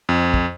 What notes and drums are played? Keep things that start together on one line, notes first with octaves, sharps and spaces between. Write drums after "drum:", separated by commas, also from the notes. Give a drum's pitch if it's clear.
F2
drum: kick